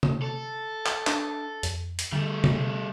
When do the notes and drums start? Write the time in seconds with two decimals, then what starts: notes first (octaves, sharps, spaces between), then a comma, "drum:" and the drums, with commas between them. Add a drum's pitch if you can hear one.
0.03 drum: tom C3
0.22 A4
0.86 drum: clap
1.07 D4, drum: clap
1.63 F2, drum: hi-hat
1.99 drum: hi-hat
2.12 D3 G3 A3
2.44 drum: tom C3